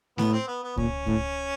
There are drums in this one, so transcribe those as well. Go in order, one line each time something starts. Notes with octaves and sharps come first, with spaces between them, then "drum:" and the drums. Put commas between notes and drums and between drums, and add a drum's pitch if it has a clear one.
A2 B3, drum: snare A3
C4
B3
B3
A#2 C#4, drum: kick C#2
A2, drum: kick C#2